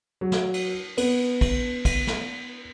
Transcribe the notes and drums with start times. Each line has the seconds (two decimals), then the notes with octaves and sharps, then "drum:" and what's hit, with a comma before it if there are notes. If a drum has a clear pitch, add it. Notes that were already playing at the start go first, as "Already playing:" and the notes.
0.21 F#3
0.32 drum: snare
0.54 drum: cymbal
0.97 B3, drum: cymbal
1.41 drum: kick, cymbal
1.85 drum: kick, cymbal
2.07 drum: snare